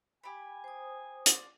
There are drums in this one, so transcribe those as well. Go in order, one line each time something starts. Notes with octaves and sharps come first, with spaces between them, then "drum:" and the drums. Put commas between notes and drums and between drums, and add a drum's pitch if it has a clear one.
G4 G#5 B5
C5 D#6
F4 D5, drum: hi-hat